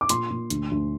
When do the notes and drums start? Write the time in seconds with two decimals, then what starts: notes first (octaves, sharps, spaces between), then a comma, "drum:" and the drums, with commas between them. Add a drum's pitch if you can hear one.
0.01 D6
0.09 A#2 C6, drum: hi-hat
0.30 A#2
0.50 D2, drum: hi-hat
0.71 D2